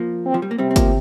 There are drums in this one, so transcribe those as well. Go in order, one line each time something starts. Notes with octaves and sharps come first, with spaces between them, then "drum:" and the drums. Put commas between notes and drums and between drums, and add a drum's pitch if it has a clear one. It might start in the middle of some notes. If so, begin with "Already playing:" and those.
Already playing: F3 A#3
C4
F3
G3
A#3
C3 G3 C4
C4
F3 A#3, drum: kick G1, hi-hat